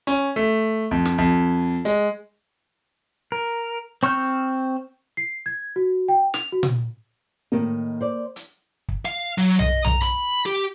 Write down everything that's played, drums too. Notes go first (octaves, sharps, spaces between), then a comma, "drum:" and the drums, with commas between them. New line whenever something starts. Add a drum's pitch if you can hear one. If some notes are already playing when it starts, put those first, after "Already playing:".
C#4, drum: hi-hat
A3
F2
drum: snare
F2
G#3, drum: hi-hat
A#4
C4 C#6 E6 F6 G6
C7
G#6
F#4
G5
F7, drum: snare
F#4
drum: tom A#2
A2 D#3 A#3 D#5
C5 D5
drum: hi-hat
drum: kick
F5
F#3
D#5, drum: tom B1
A#5, drum: tom B1
B5, drum: hi-hat
G4